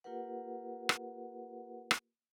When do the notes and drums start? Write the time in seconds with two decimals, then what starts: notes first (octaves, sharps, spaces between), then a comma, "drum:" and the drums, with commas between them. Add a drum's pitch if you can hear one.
0.04 A#3 F4 G4 A#4 B4 F#5
0.89 drum: rim click
1.91 drum: rim click